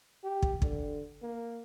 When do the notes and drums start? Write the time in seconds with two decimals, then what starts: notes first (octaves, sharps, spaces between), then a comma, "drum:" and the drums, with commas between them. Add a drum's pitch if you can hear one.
0.24 G4
0.42 drum: kick
0.62 D3, drum: kick
1.22 A#3